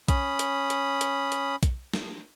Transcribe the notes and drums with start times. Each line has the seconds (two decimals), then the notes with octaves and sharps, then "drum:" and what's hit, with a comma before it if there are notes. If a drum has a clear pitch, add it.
0.08 C#4 B5 D#6, drum: kick B1, hi-hat
0.39 drum: hi-hat
0.70 drum: hi-hat
1.01 drum: hi-hat
1.32 drum: hi-hat
1.63 drum: kick B1, hi-hat
1.93 drum: snare